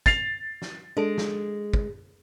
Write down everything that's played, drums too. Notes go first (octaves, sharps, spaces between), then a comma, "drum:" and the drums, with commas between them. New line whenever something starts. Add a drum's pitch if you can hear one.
A6 C7 F7, drum: kick, hi-hat
drum: snare
G#3 D4 A4 D7
drum: snare
drum: kick